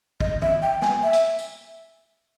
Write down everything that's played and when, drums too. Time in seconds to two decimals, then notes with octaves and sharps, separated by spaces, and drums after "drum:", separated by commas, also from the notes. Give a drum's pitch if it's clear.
0.20 D#5, drum: kick
0.42 E5, drum: tom D#3
0.62 G5
0.82 G#5, drum: snare A#3
1.03 E5
1.13 drum: hi-hat
1.39 drum: tambourine